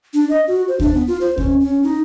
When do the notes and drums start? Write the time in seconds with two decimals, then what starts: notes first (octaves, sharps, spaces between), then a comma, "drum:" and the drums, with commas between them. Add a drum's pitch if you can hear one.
0.14 D4
0.29 D#5
0.47 F#4
0.68 C5
0.80 D4, drum: kick D2
0.94 B3
1.08 F4
1.21 C5
1.38 C#4, drum: kick D2
1.60 C#4
1.83 D#4